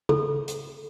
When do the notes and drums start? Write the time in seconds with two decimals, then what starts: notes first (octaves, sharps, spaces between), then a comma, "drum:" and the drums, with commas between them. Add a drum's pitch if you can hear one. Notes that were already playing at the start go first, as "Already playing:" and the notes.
0.09 A4, drum: tom C#3
0.48 drum: hi-hat